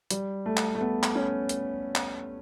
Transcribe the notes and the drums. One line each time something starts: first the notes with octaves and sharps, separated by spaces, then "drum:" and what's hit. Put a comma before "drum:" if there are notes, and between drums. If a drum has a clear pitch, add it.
G3, drum: hi-hat
A3
drum: clap
A3
B3
drum: clap
C#4
drum: hi-hat
drum: clap